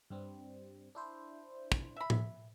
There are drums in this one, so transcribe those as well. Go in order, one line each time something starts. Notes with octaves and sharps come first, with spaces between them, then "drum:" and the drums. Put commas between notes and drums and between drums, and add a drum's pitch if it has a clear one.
G2 G3 C4
D4 E4 C5
drum: kick
E5 B5
drum: tom A2